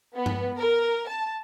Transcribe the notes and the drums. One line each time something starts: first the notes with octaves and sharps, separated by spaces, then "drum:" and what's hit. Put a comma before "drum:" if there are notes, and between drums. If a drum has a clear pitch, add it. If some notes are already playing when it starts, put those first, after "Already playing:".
B3
drum: tom G2
A#4
A5